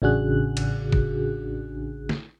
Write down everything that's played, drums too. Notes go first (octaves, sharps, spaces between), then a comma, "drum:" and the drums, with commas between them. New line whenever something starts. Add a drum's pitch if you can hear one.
A1 C#3 D4 F#4 G#4 F#6
drum: cymbal
drum: kick
drum: snare